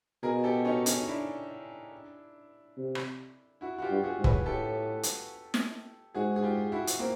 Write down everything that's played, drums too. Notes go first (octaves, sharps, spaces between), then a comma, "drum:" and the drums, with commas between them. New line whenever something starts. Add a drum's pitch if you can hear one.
B2 G#4 A#4
G4 A4
C#4 D#4
C#4 D#4, drum: hi-hat
D#4
D4 E4
C3
drum: rim click
E4 F#4
F#4
F4 G4
G2
F#4 G#4
G#2
B4 C#5, drum: kick
A2 G4 A4
drum: hi-hat
drum: snare
G#2 F#4 G#4
G#4
F4 G4
E4 F#4
drum: hi-hat
A#3 C4